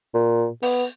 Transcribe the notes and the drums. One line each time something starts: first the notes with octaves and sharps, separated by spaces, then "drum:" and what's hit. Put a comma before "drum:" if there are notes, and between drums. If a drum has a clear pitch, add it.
A#2
B3, drum: open hi-hat